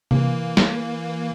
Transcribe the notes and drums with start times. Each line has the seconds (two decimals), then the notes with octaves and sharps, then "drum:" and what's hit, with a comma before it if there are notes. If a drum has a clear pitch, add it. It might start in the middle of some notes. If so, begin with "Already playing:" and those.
0.11 E3 A#3, drum: tom C3
0.57 drum: snare